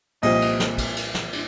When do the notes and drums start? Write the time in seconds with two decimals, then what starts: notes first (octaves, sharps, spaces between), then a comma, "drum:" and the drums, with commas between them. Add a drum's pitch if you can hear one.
0.23 C2 A#2 F3 C4 G4 D#5, drum: cymbal
0.42 drum: cymbal
0.60 drum: snare
0.78 drum: kick, cymbal
0.96 drum: cymbal
1.15 drum: snare
1.33 drum: cymbal